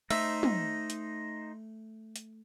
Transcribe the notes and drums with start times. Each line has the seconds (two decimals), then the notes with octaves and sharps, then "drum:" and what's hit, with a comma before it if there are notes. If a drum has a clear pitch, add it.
0.10 A3 D#4 C5 E5, drum: cymbal
0.43 drum: tom
0.90 drum: hi-hat
2.16 drum: hi-hat